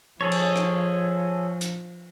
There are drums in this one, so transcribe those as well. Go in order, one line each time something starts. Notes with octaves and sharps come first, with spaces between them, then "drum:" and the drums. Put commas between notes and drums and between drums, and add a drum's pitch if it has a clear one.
F3 G#4 A4 C#5
drum: cymbal
drum: rim click
drum: hi-hat